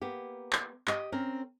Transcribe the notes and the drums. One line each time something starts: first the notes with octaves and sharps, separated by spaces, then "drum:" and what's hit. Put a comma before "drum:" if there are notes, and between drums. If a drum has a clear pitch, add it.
A#3 B3 G4
drum: clap
G4 D#5, drum: clap
C4 C#4 A#4